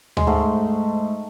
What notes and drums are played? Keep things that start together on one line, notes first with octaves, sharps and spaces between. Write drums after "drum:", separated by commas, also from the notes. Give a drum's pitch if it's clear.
G#3, drum: tom D2
G#2 A3